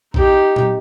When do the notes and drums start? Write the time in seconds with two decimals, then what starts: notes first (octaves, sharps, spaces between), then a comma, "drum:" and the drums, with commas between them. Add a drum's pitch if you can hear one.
0.14 D#4 G4, drum: kick A#1
0.56 drum: tom A#2